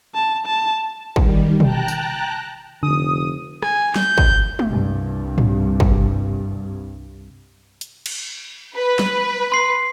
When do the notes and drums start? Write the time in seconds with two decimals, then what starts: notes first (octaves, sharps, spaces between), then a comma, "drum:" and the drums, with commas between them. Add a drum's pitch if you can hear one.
0.15 A5
0.46 A5
1.16 D#3 G3, drum: kick
1.60 G5 A5 A#5 F#6, drum: tom B2
1.88 drum: tambourine
2.83 F1 D3 D#6
3.63 G#5, drum: rim click
3.96 G6, drum: snare
4.18 drum: kick
4.59 drum: tom G#3
4.68 C2 G2
5.38 drum: tom G#2
5.80 drum: kick
7.81 drum: hi-hat
8.06 drum: cymbal
8.74 B4
8.99 drum: snare
9.52 C6 C7